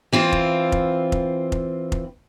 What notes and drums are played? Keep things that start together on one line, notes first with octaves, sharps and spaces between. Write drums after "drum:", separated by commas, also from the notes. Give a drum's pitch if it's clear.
E3 C4 F4
drum: kick F1
drum: kick F1
drum: kick F1
drum: kick F1
drum: kick F1